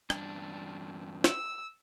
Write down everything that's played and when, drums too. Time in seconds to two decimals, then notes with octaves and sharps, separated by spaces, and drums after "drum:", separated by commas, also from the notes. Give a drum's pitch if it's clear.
0.10 E2 G2 D4, drum: rim click
1.24 E6, drum: snare